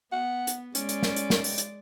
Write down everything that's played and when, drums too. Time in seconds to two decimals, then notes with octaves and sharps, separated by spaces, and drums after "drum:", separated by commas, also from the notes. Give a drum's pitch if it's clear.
0.12 B3 F#5
0.47 drum: hi-hat
0.75 G#3 C#4 D5, drum: hi-hat
0.89 drum: hi-hat
1.03 drum: snare
1.16 drum: hi-hat
1.30 drum: snare
1.44 drum: open hi-hat
1.58 drum: hi-hat